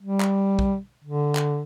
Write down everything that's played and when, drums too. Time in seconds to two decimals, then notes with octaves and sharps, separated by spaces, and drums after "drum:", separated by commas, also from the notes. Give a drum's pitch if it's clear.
0.01 G3
0.20 drum: clap
0.59 drum: kick
1.04 D3
1.35 drum: clap